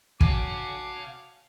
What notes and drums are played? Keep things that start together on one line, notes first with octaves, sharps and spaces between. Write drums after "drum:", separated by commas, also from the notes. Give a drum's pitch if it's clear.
F#4 F5 G#5 A5 D6, drum: kick